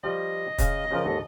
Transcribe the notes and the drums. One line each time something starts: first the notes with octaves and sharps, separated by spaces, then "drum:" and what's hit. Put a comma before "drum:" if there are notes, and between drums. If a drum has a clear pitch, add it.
F3 G3 D#5
C#3 F5, drum: kick, hi-hat
C#3 F3 A#4
D#2 G#2 A4